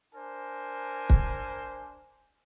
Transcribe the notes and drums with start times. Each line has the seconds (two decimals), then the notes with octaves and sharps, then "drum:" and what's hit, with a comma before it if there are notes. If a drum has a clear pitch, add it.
0.14 D4 A#4 C5 G#5
1.10 drum: kick